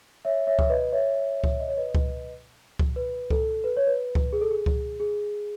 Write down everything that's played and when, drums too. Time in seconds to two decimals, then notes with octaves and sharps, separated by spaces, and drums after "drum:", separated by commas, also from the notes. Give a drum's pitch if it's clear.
0.25 C#5 E5
0.47 C#5 E5
0.59 drum: kick C#2
0.69 B4 D#5
0.92 C#5 E5
1.44 drum: kick C#2
1.60 D#5
1.68 C#5
1.77 B4 D#5
1.95 drum: kick C#2
2.79 drum: kick C#2
2.96 B4
3.30 A4, drum: kick C#2
3.64 B4
3.77 C#5
3.87 B4
4.15 drum: kick C#2
4.33 G#4
4.41 A4
4.51 G#4
4.66 drum: kick C#2
5.00 G#4